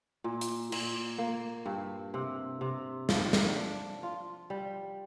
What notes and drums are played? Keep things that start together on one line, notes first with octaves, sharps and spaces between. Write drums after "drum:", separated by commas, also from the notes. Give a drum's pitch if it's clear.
A#2
drum: hi-hat
A#2, drum: cymbal
A#3
G2
C3
C3
F3, drum: snare
drum: snare
D4
F4
G3